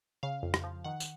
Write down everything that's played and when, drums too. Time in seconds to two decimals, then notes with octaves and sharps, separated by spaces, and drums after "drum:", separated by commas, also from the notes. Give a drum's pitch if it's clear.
0.23 C#3 F5
0.43 F2
0.54 drum: rim click
0.64 F3
0.84 D#3 F#5
1.00 drum: tambourine